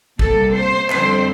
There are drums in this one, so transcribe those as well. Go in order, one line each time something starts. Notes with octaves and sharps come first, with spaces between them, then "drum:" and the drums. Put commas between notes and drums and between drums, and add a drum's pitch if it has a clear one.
C3 G3 A#3 A4, drum: kick
C5
F2 D3 G3 C4 C5, drum: clap